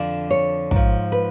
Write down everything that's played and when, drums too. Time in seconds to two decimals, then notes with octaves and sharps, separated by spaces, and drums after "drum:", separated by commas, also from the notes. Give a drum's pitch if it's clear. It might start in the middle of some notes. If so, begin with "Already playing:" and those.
Already playing: F2 D3 F3 D5
0.31 C#5
0.71 G#2 F3, drum: kick
1.12 B4